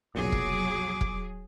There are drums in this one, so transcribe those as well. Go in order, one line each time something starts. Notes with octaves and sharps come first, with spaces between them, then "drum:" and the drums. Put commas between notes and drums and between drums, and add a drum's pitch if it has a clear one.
F1 B1 A#2 F#3 G#4 D6
drum: kick E1
drum: kick E1